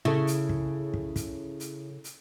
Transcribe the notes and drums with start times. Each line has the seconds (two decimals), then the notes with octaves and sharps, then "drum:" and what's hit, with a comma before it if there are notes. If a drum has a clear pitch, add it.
0.05 C#3 E4 A4
0.27 drum: hi-hat
0.49 drum: kick
0.94 drum: kick
1.16 drum: kick, hi-hat
1.60 drum: hi-hat
2.04 drum: hi-hat